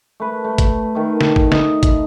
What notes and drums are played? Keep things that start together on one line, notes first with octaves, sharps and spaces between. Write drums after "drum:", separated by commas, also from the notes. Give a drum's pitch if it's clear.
A3 B4
A3
drum: kick, hi-hat
D#3 A3
drum: snare
drum: kick
D#5, drum: snare
drum: kick, hi-hat